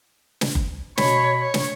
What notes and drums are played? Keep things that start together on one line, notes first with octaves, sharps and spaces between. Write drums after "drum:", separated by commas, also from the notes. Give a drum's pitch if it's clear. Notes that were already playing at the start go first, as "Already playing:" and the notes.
drum: snare
drum: kick F#1
B2 C#5 B5, drum: snare
C#5
drum: snare